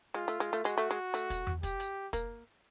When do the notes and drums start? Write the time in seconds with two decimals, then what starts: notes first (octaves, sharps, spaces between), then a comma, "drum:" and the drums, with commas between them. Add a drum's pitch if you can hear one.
0.14 G#3 F4
0.28 A3
0.40 G#3
0.53 A3
0.64 G#3 F#4, drum: hi-hat
0.78 A3
0.91 G#3
1.14 A3, drum: hi-hat
1.30 drum: kick, hi-hat
1.47 drum: tom E2
1.63 G4, drum: kick, hi-hat
1.80 drum: hi-hat
2.13 A#3, drum: kick, hi-hat